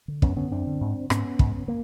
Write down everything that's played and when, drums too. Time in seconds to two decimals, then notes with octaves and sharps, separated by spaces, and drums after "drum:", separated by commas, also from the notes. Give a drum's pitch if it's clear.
0.08 D3
0.22 F#2 B3 C#4, drum: kick
0.36 D3 B3 C#4
0.51 F#2 C4 D4
0.67 D3
0.81 G#2
1.10 G#2 B3 C#4, drum: rim click
1.39 G#2, drum: kick
1.68 A#3